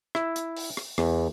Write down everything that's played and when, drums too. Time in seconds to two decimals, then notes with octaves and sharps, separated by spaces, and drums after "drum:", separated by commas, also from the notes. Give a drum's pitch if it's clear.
0.15 E4, drum: rim click
0.36 drum: hi-hat
0.57 drum: open hi-hat
0.77 drum: rim click
0.98 E2, drum: rim click